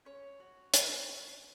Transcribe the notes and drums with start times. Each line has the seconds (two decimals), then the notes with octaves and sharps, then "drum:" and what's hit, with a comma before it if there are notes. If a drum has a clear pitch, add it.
0.05 C#4 C#5
0.40 F#4
0.74 C#4, drum: hi-hat